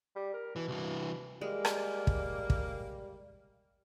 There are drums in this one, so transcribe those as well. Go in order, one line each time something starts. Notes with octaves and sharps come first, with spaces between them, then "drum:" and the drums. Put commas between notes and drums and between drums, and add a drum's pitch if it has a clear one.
G3
A#4
B2 E3
C2 E3
G3 G#3 A#3
drum: rim click
drum: kick
drum: kick